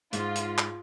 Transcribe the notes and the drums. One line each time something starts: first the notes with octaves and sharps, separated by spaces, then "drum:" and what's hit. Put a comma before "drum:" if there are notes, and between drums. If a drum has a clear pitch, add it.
G#2 F4, drum: hi-hat
drum: hi-hat
drum: clap